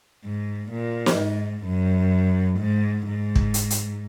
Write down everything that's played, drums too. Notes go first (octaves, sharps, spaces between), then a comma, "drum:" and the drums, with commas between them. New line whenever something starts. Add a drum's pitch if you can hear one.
G#2
A#2
drum: snare
G#2
F#2
G#2
G#2
drum: kick
drum: hi-hat
drum: hi-hat